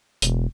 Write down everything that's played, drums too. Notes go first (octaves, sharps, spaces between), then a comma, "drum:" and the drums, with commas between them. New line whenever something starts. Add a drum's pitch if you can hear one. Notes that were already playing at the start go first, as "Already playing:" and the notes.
E1, drum: hi-hat